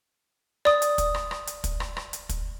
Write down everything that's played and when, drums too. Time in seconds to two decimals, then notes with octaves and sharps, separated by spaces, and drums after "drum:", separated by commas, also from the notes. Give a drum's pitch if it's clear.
0.65 D5 D#6, drum: rim click
0.82 drum: hi-hat
0.98 drum: kick, hi-hat
1.15 drum: rim click
1.31 drum: rim click
1.47 drum: hi-hat
1.64 drum: kick, hi-hat
1.80 drum: rim click
1.97 drum: rim click
2.13 drum: hi-hat
2.29 drum: kick, hi-hat